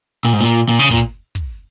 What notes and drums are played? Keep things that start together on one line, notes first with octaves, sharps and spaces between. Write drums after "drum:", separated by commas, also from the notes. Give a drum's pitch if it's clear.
A#2
G#2
A#2
A#2
C#3
A#2, drum: kick, hi-hat
drum: kick, hi-hat